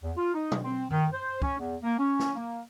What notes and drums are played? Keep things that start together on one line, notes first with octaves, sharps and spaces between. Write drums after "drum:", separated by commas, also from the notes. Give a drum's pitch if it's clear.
E2
F4
D#4
drum: tom
C4
D#3, drum: tom F#2
C5
C#4, drum: kick
E2
A#3
C#4
drum: snare
A#3